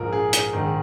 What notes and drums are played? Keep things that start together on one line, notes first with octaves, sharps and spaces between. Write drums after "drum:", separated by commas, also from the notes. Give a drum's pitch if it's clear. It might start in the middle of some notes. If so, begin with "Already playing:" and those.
Already playing: A#1 G#2 F3 A#4
G#4
drum: hi-hat
A#1 G#2 D#3